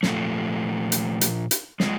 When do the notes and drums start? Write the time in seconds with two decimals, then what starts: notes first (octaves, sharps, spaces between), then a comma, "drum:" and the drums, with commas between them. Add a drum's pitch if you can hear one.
0.03 A#2 F3 A3, drum: snare
0.92 drum: hi-hat
1.21 drum: hi-hat
1.51 drum: hi-hat
1.80 C#3 F3 G#3, drum: snare